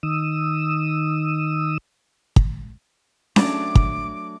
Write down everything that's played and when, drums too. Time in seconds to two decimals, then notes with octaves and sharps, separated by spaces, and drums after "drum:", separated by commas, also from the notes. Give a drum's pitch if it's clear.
0.03 D#3 D#6 E6
2.36 drum: kick
3.36 F#3 A3 D4 D6, drum: snare C#4
3.75 drum: kick